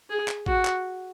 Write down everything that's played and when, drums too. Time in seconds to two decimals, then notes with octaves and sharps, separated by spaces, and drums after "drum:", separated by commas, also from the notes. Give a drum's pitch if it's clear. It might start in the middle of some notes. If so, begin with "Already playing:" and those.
0.09 G#4
0.28 drum: clap
0.46 F#4, drum: kick A1
0.65 drum: clap